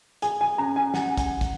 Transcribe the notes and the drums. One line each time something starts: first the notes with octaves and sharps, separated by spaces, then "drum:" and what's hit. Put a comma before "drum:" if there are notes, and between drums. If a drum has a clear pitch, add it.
G#4 G#5, drum: hi-hat
G#5
C#4 A#5
G#5
F#5 G#5, drum: snare
drum: kick, hi-hat
drum: kick, hi-hat